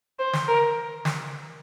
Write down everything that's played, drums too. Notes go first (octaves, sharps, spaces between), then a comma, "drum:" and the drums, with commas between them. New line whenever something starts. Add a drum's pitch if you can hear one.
C5
drum: snare
A#4
drum: snare